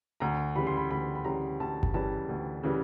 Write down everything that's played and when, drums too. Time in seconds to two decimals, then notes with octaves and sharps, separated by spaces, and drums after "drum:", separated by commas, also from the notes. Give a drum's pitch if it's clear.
0.20 D2 A#5
0.55 C#3 E3 G3 B5
0.67 C6
0.77 B5
0.91 D2 B5
1.15 B5
1.25 C#3 E3 G3 A#5
1.60 D2 A5
1.83 drum: kick G1
1.94 C#3 E3 G3 A5
2.29 D2
2.63 C#3 E3 G3